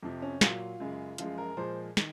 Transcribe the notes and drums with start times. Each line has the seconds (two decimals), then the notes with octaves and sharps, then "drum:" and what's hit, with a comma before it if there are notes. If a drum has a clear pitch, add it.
0.03 F2 C3 F3
0.22 C#4
0.41 A#2 F#3 F4, drum: snare
0.80 F#2 C#3 G#3
1.18 F#2 F3 G#3 F4, drum: hi-hat
1.38 A#4
1.57 A#2 F3 G#3 C5
1.97 D#3, drum: snare